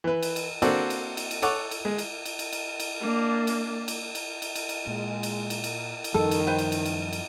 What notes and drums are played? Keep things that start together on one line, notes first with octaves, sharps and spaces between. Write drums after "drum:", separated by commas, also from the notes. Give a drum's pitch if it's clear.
E3 B4
drum: cymbal
drum: cymbal
A#3 C4 D4 F#4 A4 D5, drum: cymbal
drum: cymbal
drum: cymbal
drum: cymbal
A4 C#5 F#5 D6, drum: cymbal
drum: cymbal
G#3
drum: cymbal
drum: cymbal
drum: cymbal
drum: cymbal
drum: cymbal
A#3 D4
drum: cymbal
drum: cymbal
drum: cymbal
drum: cymbal
drum: cymbal
drum: cymbal
A#2 G#3
drum: cymbal
drum: cymbal
drum: cymbal
drum: cymbal
F#2 D#3 F3 G3 A4
drum: cymbal
B4 C5 G5
drum: cymbal
drum: cymbal
drum: cymbal
drum: cymbal